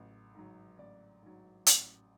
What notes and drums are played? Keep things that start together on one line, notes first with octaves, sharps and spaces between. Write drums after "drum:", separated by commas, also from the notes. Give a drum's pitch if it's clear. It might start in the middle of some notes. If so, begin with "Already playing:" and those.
Already playing: A1 F#3
G#2 F#3
A1 D5
G#2 F#3
A1, drum: hi-hat